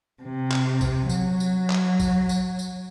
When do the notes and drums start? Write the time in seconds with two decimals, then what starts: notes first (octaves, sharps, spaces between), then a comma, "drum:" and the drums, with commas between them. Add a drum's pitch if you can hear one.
0.22 C3
0.51 drum: clap
0.81 drum: kick A1, tambourine
1.09 F#3, drum: tambourine
1.40 drum: tambourine
1.70 drum: clap
2.00 drum: kick A1, tambourine
2.29 drum: tambourine
2.59 drum: tambourine